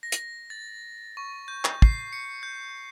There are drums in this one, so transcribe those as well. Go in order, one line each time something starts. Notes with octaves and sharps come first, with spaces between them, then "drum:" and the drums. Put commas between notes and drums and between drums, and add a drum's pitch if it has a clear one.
A#6
drum: hi-hat
A6
C#6
G6
drum: clap
C7, drum: kick
C#7
G6